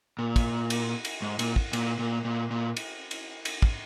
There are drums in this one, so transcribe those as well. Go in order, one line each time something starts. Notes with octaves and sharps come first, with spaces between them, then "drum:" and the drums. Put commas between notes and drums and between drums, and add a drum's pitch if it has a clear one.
A#2
drum: kick, cymbal
drum: cymbal
drum: cymbal
G#2
A#2, drum: cymbal
drum: kick
A#2, drum: cymbal
A#2
A#2
A#2
drum: cymbal
drum: cymbal
drum: cymbal
drum: kick